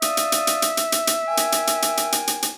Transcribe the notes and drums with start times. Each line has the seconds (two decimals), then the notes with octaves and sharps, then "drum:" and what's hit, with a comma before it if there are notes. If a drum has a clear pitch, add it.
0.02 D5 E5 F5 D#6, drum: hi-hat
0.17 drum: hi-hat
0.32 drum: hi-hat
0.47 drum: hi-hat
0.62 drum: hi-hat
0.77 drum: hi-hat
0.92 drum: hi-hat
1.07 drum: hi-hat
1.27 A#4 G5 G#5
1.37 drum: hi-hat
1.52 drum: hi-hat
1.67 drum: hi-hat
1.82 drum: hi-hat
1.97 drum: hi-hat
2.12 drum: hi-hat
2.27 drum: hi-hat
2.42 drum: hi-hat